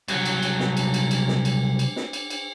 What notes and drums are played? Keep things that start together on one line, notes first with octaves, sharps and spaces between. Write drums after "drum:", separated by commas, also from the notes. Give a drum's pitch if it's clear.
C2 F#3, drum: cymbal
drum: cymbal
drum: cymbal
drum: snare
drum: cymbal
drum: cymbal
drum: cymbal
drum: snare
drum: cymbal
drum: cymbal
drum: snare
drum: cymbal
drum: cymbal